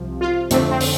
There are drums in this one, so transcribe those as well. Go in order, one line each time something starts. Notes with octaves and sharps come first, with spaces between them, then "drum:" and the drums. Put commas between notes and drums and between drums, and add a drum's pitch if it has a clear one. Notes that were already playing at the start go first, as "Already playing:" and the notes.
Already playing: C2 C3 F3
F4
F2 D3 A3 C4, drum: hi-hat
C4
drum: open hi-hat